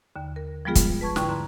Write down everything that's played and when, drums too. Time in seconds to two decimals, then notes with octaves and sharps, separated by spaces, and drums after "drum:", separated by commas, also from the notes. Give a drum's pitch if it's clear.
0.16 D#2 D3
0.36 A#4
0.65 F3 G3 G#3 B3 F4 G#4
0.75 drum: kick, hi-hat
1.01 B4 A5 C#6 G#6
1.16 G#2 D3 E4 G5 C#6, drum: snare
1.29 D3 A#5 C6